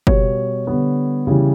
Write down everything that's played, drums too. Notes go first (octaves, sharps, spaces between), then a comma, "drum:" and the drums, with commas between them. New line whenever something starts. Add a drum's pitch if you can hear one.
B2 G3 B3 C#5, drum: kick F#1
D3 G3 B3
C#3 E3 G3